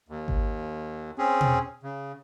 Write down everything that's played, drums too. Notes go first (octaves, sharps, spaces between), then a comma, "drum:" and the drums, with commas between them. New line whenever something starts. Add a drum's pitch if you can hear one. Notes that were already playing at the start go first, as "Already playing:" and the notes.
D#2
drum: kick G#1
C4 C#4 G#4
drum: tom B2
C#3